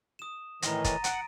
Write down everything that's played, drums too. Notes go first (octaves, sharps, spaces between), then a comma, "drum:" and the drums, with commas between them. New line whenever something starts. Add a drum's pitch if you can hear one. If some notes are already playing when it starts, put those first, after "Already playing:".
D#6 E7
A2 D#3 E3 A#5 C6 A#6, drum: hi-hat
A#5 A6 D#7, drum: kick, hi-hat
F#5 D7, drum: hi-hat